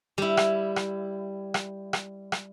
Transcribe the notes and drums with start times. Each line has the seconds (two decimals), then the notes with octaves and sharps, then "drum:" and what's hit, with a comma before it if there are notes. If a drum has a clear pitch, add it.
0.18 G3 E4
0.37 drum: rim click
0.76 drum: rim click
1.54 drum: rim click
1.93 drum: rim click
2.32 drum: rim click